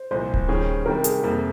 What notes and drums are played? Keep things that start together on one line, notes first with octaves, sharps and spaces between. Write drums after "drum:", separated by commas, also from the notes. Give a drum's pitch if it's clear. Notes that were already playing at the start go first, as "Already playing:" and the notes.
Already playing: C5
C2 A#2 F3 C5
drum: kick D1
D#3 G3 C#4 G#4
C3 D#3 G3 A#4
G#4, drum: hi-hat
F2 C3 G3 A#3